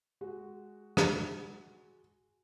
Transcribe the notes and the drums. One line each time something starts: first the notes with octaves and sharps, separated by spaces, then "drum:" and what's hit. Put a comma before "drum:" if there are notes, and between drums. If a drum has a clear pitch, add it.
G#3 F#4
drum: rim click